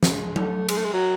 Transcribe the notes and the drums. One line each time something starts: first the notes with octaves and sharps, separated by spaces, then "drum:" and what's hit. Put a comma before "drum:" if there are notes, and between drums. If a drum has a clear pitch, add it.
G#3, drum: snare
A3, drum: tom F#3
G#3, drum: cymbal
A3
G#3
F#3